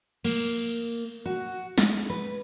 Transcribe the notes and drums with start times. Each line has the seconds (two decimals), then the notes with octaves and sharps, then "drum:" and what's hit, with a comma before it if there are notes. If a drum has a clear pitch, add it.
0.24 A#3, drum: cymbal
1.26 F#4
1.78 G#3, drum: snare
2.10 B4